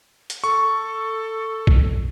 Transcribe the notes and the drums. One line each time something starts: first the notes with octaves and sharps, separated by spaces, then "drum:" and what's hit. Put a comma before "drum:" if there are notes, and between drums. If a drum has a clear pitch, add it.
drum: hi-hat
A4 C#6
drum: kick